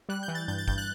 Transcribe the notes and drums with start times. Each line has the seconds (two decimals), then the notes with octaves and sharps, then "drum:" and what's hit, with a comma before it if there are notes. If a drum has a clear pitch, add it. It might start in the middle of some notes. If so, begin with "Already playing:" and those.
0.09 G3 F#6
0.23 G6
0.28 E3
0.35 A6
0.48 G2 G6
0.58 A6
0.68 G2 G6, drum: kick
0.78 F#6